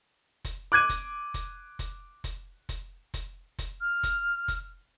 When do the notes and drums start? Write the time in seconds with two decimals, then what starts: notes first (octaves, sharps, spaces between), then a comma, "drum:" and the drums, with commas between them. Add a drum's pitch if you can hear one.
0.45 drum: kick F1, hi-hat
0.72 D6 F#6 G#6 D#7
0.89 drum: kick F1, hi-hat
1.34 drum: kick F1, hi-hat
1.79 drum: kick F1, hi-hat
2.24 drum: kick F1, hi-hat
2.69 drum: kick F1, hi-hat
3.14 drum: kick F1, hi-hat
3.59 drum: kick F1, hi-hat
3.81 F6
4.03 drum: kick F1, hi-hat
4.48 drum: kick F1, hi-hat